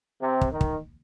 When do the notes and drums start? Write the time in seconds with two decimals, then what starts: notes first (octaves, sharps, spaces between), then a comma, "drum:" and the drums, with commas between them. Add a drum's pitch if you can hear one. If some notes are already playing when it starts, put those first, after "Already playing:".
0.22 C3
0.41 drum: kick
0.51 D#3
0.61 drum: kick